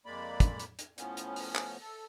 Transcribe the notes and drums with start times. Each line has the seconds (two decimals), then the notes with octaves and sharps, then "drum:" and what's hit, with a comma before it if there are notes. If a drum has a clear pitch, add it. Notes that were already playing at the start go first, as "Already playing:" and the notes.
0.06 F2 G#3 A#3 D5 B5
0.40 drum: kick, hi-hat
0.59 drum: hi-hat
0.79 drum: hi-hat
0.98 A2 F3 B3 C#4, drum: hi-hat
1.17 drum: hi-hat
1.36 drum: open hi-hat
1.55 drum: clap
1.81 A4